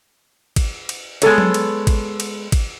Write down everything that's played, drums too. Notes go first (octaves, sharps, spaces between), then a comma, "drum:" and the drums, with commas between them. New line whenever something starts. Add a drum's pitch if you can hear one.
drum: kick G#1, cymbal
drum: cymbal
G#3 B3 A4 C#5, drum: cymbal
drum: tom F#3
drum: cymbal
drum: kick G#1, cymbal
drum: cymbal
drum: kick G#1, cymbal